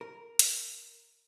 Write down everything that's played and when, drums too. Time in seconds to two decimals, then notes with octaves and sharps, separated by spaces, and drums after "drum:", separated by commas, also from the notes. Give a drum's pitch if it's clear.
0.01 A#4
0.39 drum: hi-hat